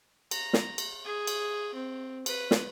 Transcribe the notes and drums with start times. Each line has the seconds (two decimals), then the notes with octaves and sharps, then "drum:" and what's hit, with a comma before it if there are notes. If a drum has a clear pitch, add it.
0.31 A#5, drum: cymbal
0.53 drum: snare
0.78 drum: cymbal
1.05 G#4
1.27 drum: cymbal
1.74 C4
2.26 B4, drum: cymbal
2.51 drum: snare